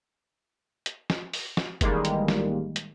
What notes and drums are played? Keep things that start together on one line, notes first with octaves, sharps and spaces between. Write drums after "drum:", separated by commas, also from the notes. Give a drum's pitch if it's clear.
drum: hi-hat
drum: snare
drum: open hi-hat
drum: snare
A1 D#3 G3 G#3 A#3, drum: kick, hi-hat
drum: hi-hat
drum: snare
drum: hi-hat